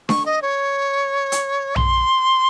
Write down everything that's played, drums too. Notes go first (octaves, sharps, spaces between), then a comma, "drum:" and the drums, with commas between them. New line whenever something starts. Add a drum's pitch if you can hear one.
C#6, drum: snare D4
D#5
C#5
drum: hi-hat
C6, drum: tom A#1